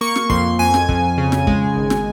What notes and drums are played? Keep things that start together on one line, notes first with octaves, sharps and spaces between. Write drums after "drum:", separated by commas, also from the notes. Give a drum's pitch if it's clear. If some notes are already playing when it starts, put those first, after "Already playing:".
A#3 C#6
drum: snare
F2 C6, drum: kick
F2 G#5
drum: snare
F2, drum: kick
C#3
drum: snare
G#3, drum: kick
G#1
drum: snare